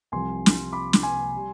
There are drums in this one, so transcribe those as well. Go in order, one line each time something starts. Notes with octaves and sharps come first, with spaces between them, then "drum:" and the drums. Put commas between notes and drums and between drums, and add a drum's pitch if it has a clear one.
C2 C3 F3 G#5 C6
drum: snare
B5 D6
drum: snare
G#5 C6
G3